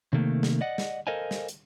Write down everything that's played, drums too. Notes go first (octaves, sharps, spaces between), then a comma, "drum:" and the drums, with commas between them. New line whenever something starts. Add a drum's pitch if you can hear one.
C3 D#3 A3 A#3
drum: snare
D5 D#5 F#5
drum: snare
A4 A#4 C5 D#5 F5 G#5
drum: snare
drum: hi-hat